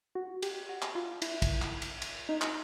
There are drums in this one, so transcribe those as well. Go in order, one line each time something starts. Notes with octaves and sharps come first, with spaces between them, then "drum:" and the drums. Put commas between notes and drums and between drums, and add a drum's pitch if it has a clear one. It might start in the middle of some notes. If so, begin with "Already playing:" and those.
F#4
G4, drum: cymbal
F#4
drum: clap
F4
E4, drum: cymbal
drum: kick, cymbal
drum: clap
drum: cymbal
drum: cymbal
D#4
drum: clap